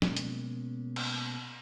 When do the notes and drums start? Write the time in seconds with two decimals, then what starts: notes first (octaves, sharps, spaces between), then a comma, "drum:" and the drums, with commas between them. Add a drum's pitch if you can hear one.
0.02 B2 G#3 A#3 C#4, drum: snare
0.17 drum: hi-hat
0.96 drum: cymbal